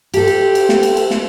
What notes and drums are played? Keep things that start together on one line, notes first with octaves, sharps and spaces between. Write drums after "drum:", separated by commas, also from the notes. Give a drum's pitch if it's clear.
G4 A4, drum: cymbal
drum: cymbal
drum: cymbal
drum: snare
drum: cymbal
drum: cymbal
drum: snare